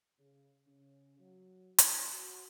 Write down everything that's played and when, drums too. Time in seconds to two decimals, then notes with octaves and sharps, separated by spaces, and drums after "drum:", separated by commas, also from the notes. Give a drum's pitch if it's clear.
0.19 C#3
0.67 C#3
1.20 F#3
1.78 G#1, drum: hi-hat
2.12 F#4